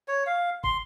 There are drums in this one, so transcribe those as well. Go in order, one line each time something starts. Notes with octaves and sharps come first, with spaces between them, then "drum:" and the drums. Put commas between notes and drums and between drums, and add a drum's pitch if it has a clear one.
C#5
F5
C6, drum: kick